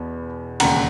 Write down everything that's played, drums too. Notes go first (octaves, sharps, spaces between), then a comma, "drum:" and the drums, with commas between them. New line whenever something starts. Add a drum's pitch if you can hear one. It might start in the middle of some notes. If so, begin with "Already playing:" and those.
Already playing: E2 B2
E1 D#2 C#3 F#5 A#5, drum: cymbal